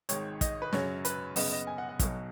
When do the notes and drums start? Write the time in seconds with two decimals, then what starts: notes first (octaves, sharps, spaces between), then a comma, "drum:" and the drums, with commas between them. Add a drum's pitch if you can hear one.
0.09 G#1 G#2 D#3 C#5, drum: hi-hat
0.41 D#5, drum: kick, hi-hat
0.62 B4
0.73 F#2 C#3 F#3 C#4 C#5, drum: snare
1.05 B4, drum: hi-hat
1.36 F#2 C#3 B3 D#5, drum: open hi-hat
1.52 D#5
1.67 G#5
1.78 F#5
1.89 F#5
1.99 B1 B2 F#3, drum: kick, hi-hat